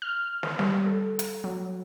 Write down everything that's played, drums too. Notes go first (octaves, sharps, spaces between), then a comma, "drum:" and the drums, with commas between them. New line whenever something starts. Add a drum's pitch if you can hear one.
F6
drum: snare
G3, drum: snare
A4
drum: hi-hat
F#3